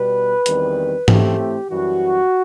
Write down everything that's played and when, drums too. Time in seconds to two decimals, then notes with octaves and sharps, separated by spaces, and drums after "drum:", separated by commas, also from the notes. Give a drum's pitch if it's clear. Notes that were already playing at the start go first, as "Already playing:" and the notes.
Already playing: B2 G3 B3 B4
0.46 E2 D#3 G3 C4, drum: hi-hat
1.08 A2 E3 A3 C4 G4, drum: tom G#2
1.69 F#2 E3 G3 F#4